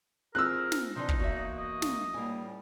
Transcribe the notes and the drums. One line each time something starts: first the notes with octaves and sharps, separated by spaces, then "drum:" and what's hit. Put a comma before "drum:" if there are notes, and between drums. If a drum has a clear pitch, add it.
C4 F4 G#4 A#4 E6 F#6
drum: snare
C3 E3 D4 D#4 C6
drum: kick
E2 A#3 F#4 E5
D#5
drum: snare
C#2 A2 G3 A#3 G#5